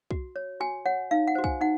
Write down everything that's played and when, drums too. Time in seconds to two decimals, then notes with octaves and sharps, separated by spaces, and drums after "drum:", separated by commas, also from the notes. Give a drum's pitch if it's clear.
0.11 F#4, drum: kick
0.36 C#5
0.60 F#4 G#5
0.86 C#5 F#5
1.11 D#4 F5
1.28 F#5
1.35 F#4 C5
1.44 G#5, drum: kick
1.61 D#4 F#5